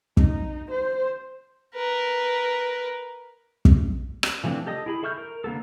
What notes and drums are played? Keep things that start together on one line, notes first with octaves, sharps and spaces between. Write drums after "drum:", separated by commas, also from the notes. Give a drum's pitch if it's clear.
D#4, drum: kick
C5
A#4 B4
drum: kick
drum: rim click
E3 F3 A3 C4 D4
G4 A4 D#5 D#6
E4 G#4 B5
A4 E5 C#6 F6 G6
A#4
D3 A#3 B3 A4